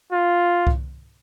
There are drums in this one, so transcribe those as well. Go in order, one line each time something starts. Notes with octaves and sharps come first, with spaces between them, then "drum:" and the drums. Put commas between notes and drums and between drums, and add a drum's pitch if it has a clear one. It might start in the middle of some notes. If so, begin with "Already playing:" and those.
F4
drum: kick C2